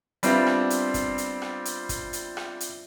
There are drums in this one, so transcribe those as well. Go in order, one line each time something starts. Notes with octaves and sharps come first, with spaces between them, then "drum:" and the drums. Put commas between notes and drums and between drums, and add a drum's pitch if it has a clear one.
G3 B3 C4 D4 E4 F4, drum: hi-hat
drum: rim click
drum: hi-hat
drum: kick, hi-hat
drum: hi-hat
drum: rim click
drum: hi-hat
drum: kick, hi-hat
drum: hi-hat
drum: rim click
drum: hi-hat